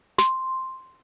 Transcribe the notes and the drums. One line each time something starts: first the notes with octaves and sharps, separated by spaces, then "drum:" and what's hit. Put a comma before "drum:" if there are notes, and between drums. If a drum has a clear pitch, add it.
C6, drum: snare